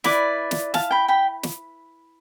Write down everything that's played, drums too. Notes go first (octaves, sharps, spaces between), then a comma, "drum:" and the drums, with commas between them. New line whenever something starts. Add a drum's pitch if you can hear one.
E4 B4 D5, drum: snare
drum: snare
F5 A5, drum: snare
G5 B5
G5 B5
drum: snare